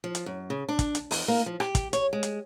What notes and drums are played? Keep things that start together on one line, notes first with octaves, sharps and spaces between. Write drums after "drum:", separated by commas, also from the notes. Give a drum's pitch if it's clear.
F3
drum: hi-hat
F#2
C#3
D4
drum: kick, hi-hat
drum: hi-hat
E2, drum: open hi-hat
A#3
F3
G4, drum: rim click
drum: kick, hi-hat
C#5, drum: hi-hat
G#3
drum: hi-hat